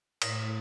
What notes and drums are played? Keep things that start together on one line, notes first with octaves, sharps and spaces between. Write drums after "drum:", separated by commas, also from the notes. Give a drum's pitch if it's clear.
A2, drum: cymbal